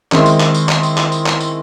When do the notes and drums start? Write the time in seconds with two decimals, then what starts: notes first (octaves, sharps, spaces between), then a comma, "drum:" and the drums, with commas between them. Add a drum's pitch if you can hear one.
0.12 D#3 G#3 C4 E4, drum: clap
0.26 drum: tambourine
0.40 drum: clap
0.55 drum: tambourine
0.69 drum: clap
0.83 drum: tambourine
0.97 drum: clap
1.12 drum: tambourine
1.26 drum: clap
1.40 drum: tambourine